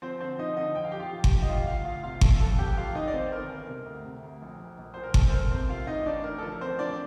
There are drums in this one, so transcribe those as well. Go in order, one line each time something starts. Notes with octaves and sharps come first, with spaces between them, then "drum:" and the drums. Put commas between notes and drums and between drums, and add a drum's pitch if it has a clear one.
F3 C4 C5
D3 C4 C5
F3 D#4 D#5
D3 D#4 D#5
F2 G5
F5
F3 G4 G5
F4 F5
F3
G4 G5, drum: kick G1
D3
D#5
D2 F4 F5
D2 F4 F5
D2 F4 F5
C3 F4 F5
C3 A4, drum: kick G1
F2 A4
F2 G4 G5
F1 F4 F5
D#3 D#4 D#5
D5
D#3 C4 C5
G1 A#4
G1 A#4
C3
D2
C3
D2
A#1
A#1
A#1
A#2 C5
A#4
C3 A4, drum: kick G1
C5
C3 A#4
C3 C4 C5
C3 F4 F5
A1 D#4 D#5
A1 D4 D5
A1 A#4
A4
F3 A#4
A1 C4 C5
F3 D4 D5